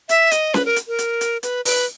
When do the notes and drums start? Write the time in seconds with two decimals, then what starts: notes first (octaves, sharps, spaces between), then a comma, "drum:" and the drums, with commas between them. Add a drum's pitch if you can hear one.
0.09 E5, drum: hi-hat
0.31 D#5, drum: hi-hat
0.54 B4, drum: snare C#4
0.65 A#4
0.76 drum: hi-hat
0.88 A#4
0.99 drum: hi-hat
1.21 drum: hi-hat
1.43 B4, drum: hi-hat
1.65 B4, drum: open hi-hat